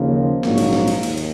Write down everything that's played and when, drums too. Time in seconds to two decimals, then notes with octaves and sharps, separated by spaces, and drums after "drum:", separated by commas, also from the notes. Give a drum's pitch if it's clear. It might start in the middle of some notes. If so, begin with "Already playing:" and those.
Already playing: D#2 C#3 F3 A#3
0.43 A#1 G#2 F#3 A#3, drum: snare
0.58 drum: cymbal
0.73 drum: snare
0.88 drum: cymbal
1.03 D#2, drum: cymbal
1.17 drum: cymbal